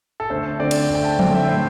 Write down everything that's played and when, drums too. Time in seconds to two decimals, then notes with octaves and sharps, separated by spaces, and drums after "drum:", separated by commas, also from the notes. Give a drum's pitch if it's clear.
0.20 A4
0.30 D2 C5
0.59 D3 C4 D5
0.71 drum: cymbal
0.89 D2
0.95 G5
1.04 A5
1.19 D3 C4 G5, drum: tom F3
1.34 E5
1.49 A2 C5